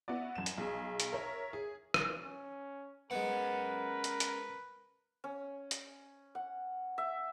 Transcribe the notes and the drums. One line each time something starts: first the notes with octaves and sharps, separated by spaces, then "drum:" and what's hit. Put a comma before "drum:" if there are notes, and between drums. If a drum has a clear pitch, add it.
B3 E4 F#4 D5
F#2 E7
drum: hi-hat
B1 G#4
drum: hi-hat
A#4 C#5 E5
G#4
drum: rim click
C#4
G#3 B3 C#4 A#4 B4 F#5
drum: hi-hat
drum: hi-hat
C#4
drum: hi-hat
F#5
E5